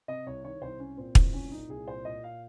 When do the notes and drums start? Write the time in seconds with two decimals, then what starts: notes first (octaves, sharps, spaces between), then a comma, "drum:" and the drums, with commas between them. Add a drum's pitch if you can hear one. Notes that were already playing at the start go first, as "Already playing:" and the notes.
0.08 C3 D#5
0.27 C2 C#5
0.44 D#3 C#5
0.61 C2 C5
0.79 C2 C#4
0.97 A#2 C4
1.15 C2 C4, drum: kick
1.33 A#2 C#4
1.51 A#2 D#4
1.69 C2 G#4
1.87 A#2 C5
2.05 A#2 D#5
2.24 F5